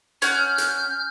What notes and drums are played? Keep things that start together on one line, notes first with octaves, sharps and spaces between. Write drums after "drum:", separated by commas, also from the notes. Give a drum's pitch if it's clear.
C#4 F#5 F6 G6, drum: hi-hat
drum: hi-hat